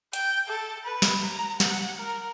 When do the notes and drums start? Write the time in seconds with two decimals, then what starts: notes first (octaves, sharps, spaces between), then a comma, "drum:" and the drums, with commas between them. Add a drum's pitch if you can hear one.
0.13 G5, drum: hi-hat
0.48 A4
0.85 B4
1.02 drum: snare
1.22 A#5
1.60 F#5, drum: snare
1.98 A#4